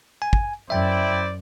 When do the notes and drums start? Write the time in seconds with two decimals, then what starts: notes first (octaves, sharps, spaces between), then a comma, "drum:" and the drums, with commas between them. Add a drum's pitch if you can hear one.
0.22 G#5
0.33 drum: kick
0.70 F#2 E4 C5 D5 E5 G5